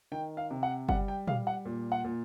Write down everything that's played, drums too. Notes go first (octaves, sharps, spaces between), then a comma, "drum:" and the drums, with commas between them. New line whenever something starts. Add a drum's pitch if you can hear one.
D#3 G5
F5
C3
F#5
G3 F#5, drum: kick G1
G5
G3 F5, drum: tom A#2
F#5
A#2
F#5
A#2